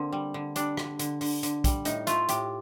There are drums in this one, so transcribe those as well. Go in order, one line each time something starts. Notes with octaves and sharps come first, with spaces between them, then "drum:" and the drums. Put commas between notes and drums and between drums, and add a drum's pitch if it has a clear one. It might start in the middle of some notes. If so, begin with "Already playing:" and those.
Already playing: D3 A#3 C4
G3
D3
G3 D4, drum: hi-hat
D3, drum: rim click
D3, drum: hi-hat
D3, drum: open hi-hat
D3, drum: hi-hat
G3, drum: kick, hi-hat
A2 D#4, drum: hi-hat
A3 F4, drum: hi-hat
A2 G4, drum: hi-hat